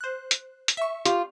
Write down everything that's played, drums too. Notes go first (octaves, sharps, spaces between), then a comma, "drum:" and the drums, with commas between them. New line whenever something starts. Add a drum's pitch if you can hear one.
C5 F#6
drum: hi-hat
drum: hi-hat
E5 C#6
F4 G4, drum: hi-hat